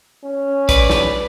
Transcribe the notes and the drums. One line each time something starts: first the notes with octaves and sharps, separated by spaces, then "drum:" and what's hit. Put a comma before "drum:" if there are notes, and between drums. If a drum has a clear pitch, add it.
C#4
B4 D5, drum: kick, hi-hat
drum: snare